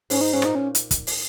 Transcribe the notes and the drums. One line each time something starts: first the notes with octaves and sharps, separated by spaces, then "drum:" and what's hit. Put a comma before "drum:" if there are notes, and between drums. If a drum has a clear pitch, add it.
G#2 C#4, drum: open hi-hat
D#4
G#2 C#4
A#2 D#4, drum: rim click
C#4
drum: hi-hat
drum: kick, hi-hat
drum: open hi-hat